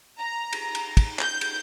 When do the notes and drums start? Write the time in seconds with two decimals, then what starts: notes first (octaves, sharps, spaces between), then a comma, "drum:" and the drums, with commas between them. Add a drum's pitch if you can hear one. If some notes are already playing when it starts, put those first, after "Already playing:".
0.19 A#5
0.53 drum: cymbal
0.75 drum: cymbal
0.97 drum: kick, cymbal
1.19 G6, drum: clap
1.41 drum: cymbal